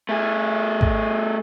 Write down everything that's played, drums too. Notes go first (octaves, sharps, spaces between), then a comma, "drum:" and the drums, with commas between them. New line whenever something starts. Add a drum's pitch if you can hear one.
A3 G#4
drum: kick G#1